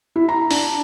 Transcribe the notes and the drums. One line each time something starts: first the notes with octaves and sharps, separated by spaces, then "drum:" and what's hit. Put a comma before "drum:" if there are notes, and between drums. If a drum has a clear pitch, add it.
E4
A#5
D4, drum: open hi-hat